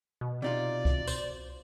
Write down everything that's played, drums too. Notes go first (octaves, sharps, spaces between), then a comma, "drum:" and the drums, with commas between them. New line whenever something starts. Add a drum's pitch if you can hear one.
B2
C3 D#4 F4 D5
drum: kick C2
C5, drum: tambourine